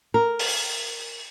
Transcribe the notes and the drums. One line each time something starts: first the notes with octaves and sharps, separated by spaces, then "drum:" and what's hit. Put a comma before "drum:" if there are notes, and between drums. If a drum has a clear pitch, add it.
A#4
drum: open hi-hat